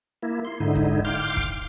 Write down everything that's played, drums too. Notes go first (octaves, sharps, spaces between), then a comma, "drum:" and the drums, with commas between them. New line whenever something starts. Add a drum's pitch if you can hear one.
A#3 E4
C6
G#2 D3 D#4 E4
drum: kick
F5 G5 C6 D6 F6
drum: kick